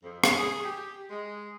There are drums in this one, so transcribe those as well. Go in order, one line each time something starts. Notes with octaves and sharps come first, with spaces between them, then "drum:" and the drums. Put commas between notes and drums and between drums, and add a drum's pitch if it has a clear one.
F2
C#4, drum: rim click
G#4
G4
G#3